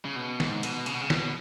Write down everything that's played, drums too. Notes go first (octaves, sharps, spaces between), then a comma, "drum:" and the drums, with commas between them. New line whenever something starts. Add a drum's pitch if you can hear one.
C#3
B2
G#2, drum: snare
B2, drum: hi-hat
C#3, drum: hi-hat
B2
C#3
B2, drum: snare